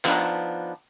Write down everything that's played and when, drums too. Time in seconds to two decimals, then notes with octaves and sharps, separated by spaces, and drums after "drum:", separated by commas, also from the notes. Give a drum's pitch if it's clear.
0.05 F3 B3 D4 D#4, drum: clap